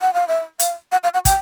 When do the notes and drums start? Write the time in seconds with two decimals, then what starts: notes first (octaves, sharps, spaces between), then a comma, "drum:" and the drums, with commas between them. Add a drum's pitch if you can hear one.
0.01 F#5
0.14 F5
0.28 E5
0.59 F5, drum: hi-hat
0.92 F#5
1.04 F5
1.14 F#5
1.25 G5, drum: kick, hi-hat